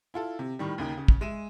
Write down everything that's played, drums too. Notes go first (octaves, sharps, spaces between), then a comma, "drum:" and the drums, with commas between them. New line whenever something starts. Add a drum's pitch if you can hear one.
E4 F4 A4
C3
A2 D#3 G3
D#2 C#3 D#4 G5
C#3
drum: kick
G#3 E5 D#7 E7